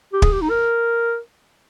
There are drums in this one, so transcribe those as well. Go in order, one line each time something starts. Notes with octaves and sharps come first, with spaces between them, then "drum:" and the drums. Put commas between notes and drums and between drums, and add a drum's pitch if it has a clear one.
G4
G#4, drum: kick
G4
D#4
A#4